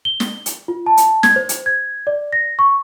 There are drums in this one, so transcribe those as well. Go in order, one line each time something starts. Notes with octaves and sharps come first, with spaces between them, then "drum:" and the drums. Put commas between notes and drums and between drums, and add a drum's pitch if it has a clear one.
G7
drum: snare
drum: hi-hat
F4
A5
drum: hi-hat
G#6, drum: snare
C5
drum: hi-hat
G#6
D5
A#6
C#6